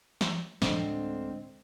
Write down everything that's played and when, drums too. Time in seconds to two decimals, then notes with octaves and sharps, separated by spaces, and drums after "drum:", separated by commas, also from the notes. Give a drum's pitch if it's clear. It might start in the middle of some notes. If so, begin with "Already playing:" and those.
0.21 drum: snare
0.62 D2 A2 D3 G#3 C4 D4 C5 D#5, drum: snare